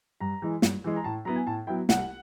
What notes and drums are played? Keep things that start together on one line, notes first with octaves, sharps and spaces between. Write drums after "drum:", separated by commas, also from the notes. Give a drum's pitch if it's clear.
G2 A#5
E3 G#3
G2, drum: snare
E3 G#3
A#5
A2 A5
F#3 B3 E4 A#5
G#5
A2 A5
F#3 B3 E4 G5
C2 F#5, drum: snare